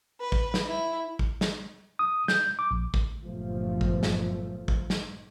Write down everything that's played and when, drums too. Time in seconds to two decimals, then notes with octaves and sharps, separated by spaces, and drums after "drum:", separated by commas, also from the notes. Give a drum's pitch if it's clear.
0.21 B4
0.32 drum: kick
0.54 drum: snare
0.69 E4
1.19 drum: kick
1.41 drum: snare
1.99 D#6
2.28 G6, drum: snare
2.59 D6
2.71 A#1
2.94 drum: kick
3.23 G1 F#2 A#2 F3 A3
3.81 drum: kick
4.03 drum: snare
4.68 drum: kick
4.90 drum: snare